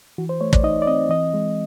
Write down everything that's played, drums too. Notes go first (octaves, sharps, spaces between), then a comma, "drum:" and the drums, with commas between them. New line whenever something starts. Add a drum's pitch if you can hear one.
E3 F#4
C5
A3 C#5
D5, drum: kick
D#4 D#5
D5
C4 D#5
E3 D#5
G#3